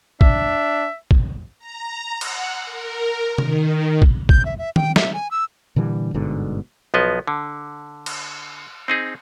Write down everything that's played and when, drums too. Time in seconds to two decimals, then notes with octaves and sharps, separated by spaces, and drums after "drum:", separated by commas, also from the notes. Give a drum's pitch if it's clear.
0.21 D4 E5, drum: kick
1.11 drum: kick
1.59 A#5
2.21 F#5, drum: cymbal
2.66 A#4
3.38 D#3, drum: tom C3
4.02 drum: kick
4.29 G6, drum: kick
4.45 E5
4.58 E5
4.76 G5, drum: tom D#3
4.96 E5, drum: snare
5.13 G#5
5.31 E6
5.76 A#2 D3 E3 G3
6.14 G1 G#2 B2 D3
6.94 B1 F3 B3 D#5
7.28 D3
8.06 drum: cymbal
8.88 C4 D#4 G#4